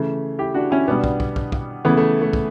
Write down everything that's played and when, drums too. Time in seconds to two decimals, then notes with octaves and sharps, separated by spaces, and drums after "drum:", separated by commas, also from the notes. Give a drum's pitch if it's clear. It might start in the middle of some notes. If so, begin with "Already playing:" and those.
Already playing: C#3 E3 A3
0.39 E4 G4
0.54 D4 F#4
0.71 C#4 E4
0.88 B2 G3 B3 D4
1.04 drum: kick
1.20 drum: kick
1.36 drum: kick
1.52 drum: kick
1.85 C#3 E3 A3 B3
1.97 A3
2.22 A3
2.33 drum: kick